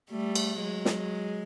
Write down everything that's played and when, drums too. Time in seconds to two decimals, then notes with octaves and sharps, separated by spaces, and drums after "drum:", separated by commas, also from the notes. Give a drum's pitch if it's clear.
0.10 G3 A3
0.36 drum: cymbal
0.60 F#3 G#3
0.85 drum: snare